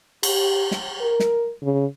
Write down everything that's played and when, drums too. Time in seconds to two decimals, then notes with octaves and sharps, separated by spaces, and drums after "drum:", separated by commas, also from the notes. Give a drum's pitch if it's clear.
0.23 G4, drum: cymbal
0.71 drum: snare
1.01 A#4
1.20 drum: snare
1.63 C#3